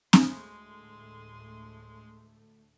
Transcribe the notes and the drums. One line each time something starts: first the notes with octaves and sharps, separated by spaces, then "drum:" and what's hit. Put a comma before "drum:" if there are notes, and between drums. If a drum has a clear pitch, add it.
D2 A2 G#3 A3 C6, drum: snare C4